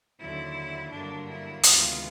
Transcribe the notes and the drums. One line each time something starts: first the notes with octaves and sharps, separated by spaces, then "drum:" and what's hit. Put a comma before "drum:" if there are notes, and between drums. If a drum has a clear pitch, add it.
D#2 D3 F#3 E4
G2 D3 F#3 A#3 D4
E4
D2 C3 D#3 G#3 B3 F4, drum: hi-hat